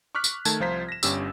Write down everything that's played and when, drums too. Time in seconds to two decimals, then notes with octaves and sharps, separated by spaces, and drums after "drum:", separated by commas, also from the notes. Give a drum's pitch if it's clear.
0.15 C#6 D6 F6 F#6 B6
0.24 drum: tambourine
0.45 D#3 A3 A#4 A5 G#6, drum: tambourine
0.60 C2 F3 F4 C5 A#5 B6
0.89 A#6 E7
1.03 G1 G2 C#4 G4 E6, drum: tambourine